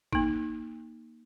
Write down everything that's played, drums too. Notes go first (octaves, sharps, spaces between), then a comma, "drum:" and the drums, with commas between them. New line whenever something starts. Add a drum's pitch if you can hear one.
A#3 D#4, drum: kick